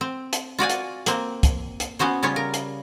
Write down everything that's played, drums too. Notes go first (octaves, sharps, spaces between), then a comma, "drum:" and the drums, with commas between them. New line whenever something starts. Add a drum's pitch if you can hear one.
C4
drum: hi-hat
F4 F#4 D5 G#5
drum: hi-hat
A#3 C4, drum: hi-hat
drum: kick, hi-hat
drum: hi-hat
B3 C#4 F#4 C5
C#3 G3 F4 C#5
A#4
drum: hi-hat